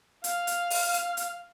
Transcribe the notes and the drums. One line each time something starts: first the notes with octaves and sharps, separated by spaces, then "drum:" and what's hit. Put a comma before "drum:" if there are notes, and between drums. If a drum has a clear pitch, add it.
F5 F6, drum: hi-hat
drum: hi-hat
drum: open hi-hat
drum: hi-hat
drum: hi-hat